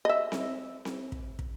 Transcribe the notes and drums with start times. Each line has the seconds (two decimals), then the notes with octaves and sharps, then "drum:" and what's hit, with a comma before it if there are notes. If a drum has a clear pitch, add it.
0.05 D#5 E5
0.32 drum: snare C4
0.85 drum: snare C4
1.12 drum: kick
1.39 drum: kick